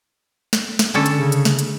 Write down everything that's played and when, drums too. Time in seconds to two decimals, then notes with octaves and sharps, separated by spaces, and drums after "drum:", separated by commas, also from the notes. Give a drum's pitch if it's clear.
0.53 drum: snare
0.79 drum: snare
0.94 D3 C#4 A4
1.06 drum: hi-hat
1.19 C#3
1.32 drum: hi-hat
1.45 drum: snare
1.59 drum: hi-hat